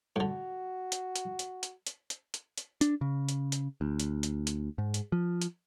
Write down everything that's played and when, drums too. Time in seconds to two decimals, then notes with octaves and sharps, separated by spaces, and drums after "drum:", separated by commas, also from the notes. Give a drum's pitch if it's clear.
0.16 A2 D3 F#4
0.92 drum: hi-hat
1.16 drum: hi-hat
1.39 drum: hi-hat
1.63 drum: hi-hat
1.87 drum: hi-hat
2.10 drum: hi-hat
2.34 drum: hi-hat
2.58 drum: hi-hat
2.81 D4, drum: hi-hat
3.01 C#3
3.29 drum: hi-hat
3.52 drum: hi-hat
3.81 D2
4.00 drum: hi-hat
4.23 drum: hi-hat
4.47 drum: hi-hat
4.78 G#2
4.94 drum: hi-hat
5.12 F3
5.42 drum: hi-hat